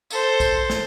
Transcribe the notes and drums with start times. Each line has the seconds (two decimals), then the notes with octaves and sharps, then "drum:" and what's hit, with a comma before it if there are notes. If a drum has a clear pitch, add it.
0.11 A4 C5, drum: tambourine
0.40 drum: kick B1, tambourine
0.70 drum: snare